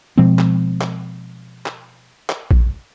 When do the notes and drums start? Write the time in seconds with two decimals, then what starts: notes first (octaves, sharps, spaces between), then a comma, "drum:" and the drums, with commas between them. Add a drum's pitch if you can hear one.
0.18 B2 F3 G#3 C4
0.39 drum: clap
0.81 drum: clap
1.66 drum: clap
2.29 drum: clap
2.51 drum: kick A#1